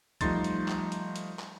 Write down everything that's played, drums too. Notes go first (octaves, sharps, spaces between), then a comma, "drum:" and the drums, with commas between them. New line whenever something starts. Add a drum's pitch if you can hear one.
F3 G3 A3 D#4 C6 A6, drum: kick, hi-hat
drum: hi-hat
drum: clap
drum: hi-hat
drum: hi-hat
drum: clap